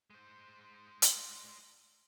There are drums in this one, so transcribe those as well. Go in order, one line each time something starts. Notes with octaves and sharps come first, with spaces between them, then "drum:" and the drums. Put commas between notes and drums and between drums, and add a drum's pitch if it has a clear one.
G#3 C5
drum: hi-hat